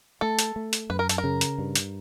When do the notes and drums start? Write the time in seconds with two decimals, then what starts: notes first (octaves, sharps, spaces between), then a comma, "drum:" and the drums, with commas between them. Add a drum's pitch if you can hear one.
0.21 A3 A4
0.39 drum: hi-hat
0.56 A3
0.73 drum: hi-hat
0.90 F#2 B4
0.99 A#4
1.09 A4, drum: hi-hat
1.18 A#4
1.24 C#3
1.41 drum: hi-hat
1.58 G2
1.75 drum: hi-hat